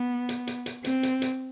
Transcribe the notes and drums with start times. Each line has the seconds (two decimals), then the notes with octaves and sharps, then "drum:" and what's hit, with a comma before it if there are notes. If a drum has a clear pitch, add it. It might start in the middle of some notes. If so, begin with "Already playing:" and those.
Already playing: B3
0.29 drum: hi-hat
0.47 drum: hi-hat
0.66 drum: hi-hat
0.84 C4, drum: hi-hat
1.03 drum: hi-hat
1.22 drum: hi-hat